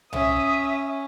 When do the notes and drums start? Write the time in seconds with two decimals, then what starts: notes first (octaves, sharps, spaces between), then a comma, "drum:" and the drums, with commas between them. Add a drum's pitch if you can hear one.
0.13 C#4 E5 D#6, drum: tom C2